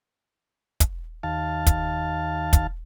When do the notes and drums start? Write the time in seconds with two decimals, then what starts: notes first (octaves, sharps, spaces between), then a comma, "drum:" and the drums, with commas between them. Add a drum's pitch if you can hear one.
0.80 drum: kick, hi-hat
1.23 D#2 F5 A5
1.67 drum: kick, hi-hat
2.53 drum: kick, hi-hat